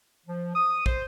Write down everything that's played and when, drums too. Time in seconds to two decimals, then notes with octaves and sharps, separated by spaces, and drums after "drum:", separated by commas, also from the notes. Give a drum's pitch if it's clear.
0.26 F3
0.55 D#6
0.86 C5, drum: kick